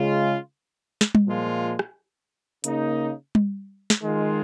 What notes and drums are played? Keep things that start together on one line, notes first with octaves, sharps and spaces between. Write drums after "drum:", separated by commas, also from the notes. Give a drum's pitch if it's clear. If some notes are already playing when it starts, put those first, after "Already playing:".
Already playing: C#3 G#3 F4
drum: snare
drum: tom G3
A#2 F3 G#3 F4
drum: rim click
C#3 A#3 D#4, drum: hi-hat
drum: tom G3
drum: snare
D#3 G#3 F4